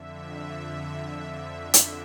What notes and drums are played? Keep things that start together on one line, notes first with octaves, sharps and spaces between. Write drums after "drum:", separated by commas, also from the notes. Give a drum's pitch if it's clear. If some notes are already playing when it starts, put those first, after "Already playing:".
Already playing: F2 D3 E5
drum: hi-hat